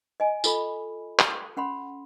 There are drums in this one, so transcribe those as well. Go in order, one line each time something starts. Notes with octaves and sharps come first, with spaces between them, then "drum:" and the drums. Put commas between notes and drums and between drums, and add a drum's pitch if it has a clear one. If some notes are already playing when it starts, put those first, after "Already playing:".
D#5 G#5
F4 A4 B5, drum: tambourine
drum: clap
C#4 F#5 B5 C6